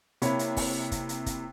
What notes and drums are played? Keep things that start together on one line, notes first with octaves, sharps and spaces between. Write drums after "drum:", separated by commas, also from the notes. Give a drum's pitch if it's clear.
C3 A#3 E4 C#5 B5, drum: hi-hat
drum: hi-hat
drum: kick, open hi-hat
drum: kick, hi-hat
drum: hi-hat
drum: kick, hi-hat